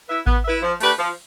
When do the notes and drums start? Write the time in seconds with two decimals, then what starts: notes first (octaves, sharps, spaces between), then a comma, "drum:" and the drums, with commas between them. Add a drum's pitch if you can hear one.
0.08 E4 B4 E5
0.27 B3, drum: kick A1
0.44 E4 B4 E5
0.63 F3
0.81 A3 D4 G4 B4, drum: cymbal
0.99 F3